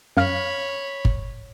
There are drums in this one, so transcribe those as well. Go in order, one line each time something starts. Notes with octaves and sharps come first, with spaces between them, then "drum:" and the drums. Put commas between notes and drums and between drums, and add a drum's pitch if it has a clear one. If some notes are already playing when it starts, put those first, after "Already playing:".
F#2 C#5 F5 B5 F6
drum: kick G1